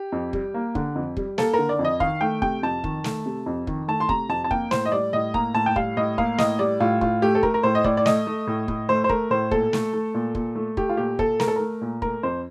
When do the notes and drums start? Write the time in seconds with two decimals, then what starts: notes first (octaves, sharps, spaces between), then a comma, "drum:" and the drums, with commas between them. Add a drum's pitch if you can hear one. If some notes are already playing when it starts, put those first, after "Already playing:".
Already playing: G4
0.12 F2
0.33 G3, drum: kick
0.54 A#3
0.75 D3, drum: kick
0.95 F2
1.17 G3, drum: kick
1.38 A#3 A4, drum: snare
1.54 D3 A#4
1.69 D5
1.79 F2
1.85 D#5
2.00 D#3 F5, drum: kick
2.21 A3 G5
2.42 C3 G5, drum: kick
2.63 F2 A5
2.84 D#3, drum: kick
3.04 A3, drum: snare
3.26 C3
3.46 F2
3.67 D#3, drum: kick
3.88 A3 A5
4.00 C6
4.09 C3 A#5, drum: kick
4.29 F2 A5
4.44 A5
4.51 A#3 G5, drum: kick
4.71 A2 C5, drum: snare
4.86 D#5
4.92 G3 D5
5.13 A2 D#5
5.34 A#3 A#5, drum: kick
5.55 A2 A5
5.66 G5
5.76 G3 F5, drum: kick
5.97 A2 D#5
6.18 A#3 F5, drum: kick
6.38 A2 D#5, drum: snare
6.59 G3 D5
6.80 A2 F4
7.01 A2 F4, drum: kick
7.22 A3 G4
7.35 A4
7.43 A3 A#4, drum: kick
7.54 A#4
7.63 A2 C5
7.75 D#5
7.84 A2 D5, drum: kick
7.97 D5
8.06 A3 D#5, drum: snare
8.27 A3
8.47 A2
8.68 A2, drum: kick
8.89 A3 C5
9.04 C5
9.09 A3 A#4, drum: kick
9.31 A2 C5
9.51 A#2 A4, drum: kick
9.73 A3, drum: snare
9.93 A3
10.14 A#2
10.35 A#2, drum: kick
10.55 A3
10.77 A3 G4, drum: kick
10.89 F4
10.97 A#2 G4
11.19 A#2 A4, drum: kick
11.40 A3 A#4, drum: snare
11.48 A4
11.56 A3 A#4
11.81 A#2
12.02 A3 A#4, drum: kick
12.23 F2 C5